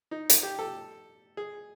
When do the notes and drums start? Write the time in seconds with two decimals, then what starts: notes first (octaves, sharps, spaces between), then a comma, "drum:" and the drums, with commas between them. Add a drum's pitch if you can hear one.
0.11 D#4
0.30 drum: hi-hat
0.43 G4
0.59 A4
1.37 G#4